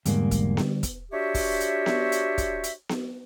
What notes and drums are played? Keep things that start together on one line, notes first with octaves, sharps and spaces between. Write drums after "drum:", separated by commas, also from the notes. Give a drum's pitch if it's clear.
E2 G#2 D3 G3 A#3, drum: hi-hat
drum: kick, hi-hat
drum: snare B3
drum: kick, hi-hat
D4 F#4 G4 C5 C#5 E5
drum: kick, open hi-hat
drum: hi-hat
drum: snare B3
drum: hi-hat
drum: kick, hi-hat
drum: hi-hat
drum: snare B3